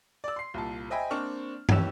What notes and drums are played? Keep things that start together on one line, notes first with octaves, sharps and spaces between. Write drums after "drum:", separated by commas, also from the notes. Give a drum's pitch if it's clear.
D5 E6
C6 C7
C2 A#2 A5
C5 D#5 E5 G5 G#5 B5
A#3 C4 D4 C#6 F6
D1 E3 C#4 G4 E6 E7, drum: tom